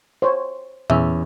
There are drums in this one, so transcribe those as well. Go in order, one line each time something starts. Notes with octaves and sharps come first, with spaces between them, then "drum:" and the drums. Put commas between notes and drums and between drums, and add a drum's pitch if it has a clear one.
C5 C#5
E2 C#4 E5, drum: tom A#2